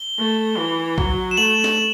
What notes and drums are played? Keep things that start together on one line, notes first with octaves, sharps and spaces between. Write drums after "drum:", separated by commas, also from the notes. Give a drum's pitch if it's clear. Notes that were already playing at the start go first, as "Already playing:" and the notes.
Already playing: G7
A3
E3
F#3, drum: kick B1
E7
A3 F#7
drum: snare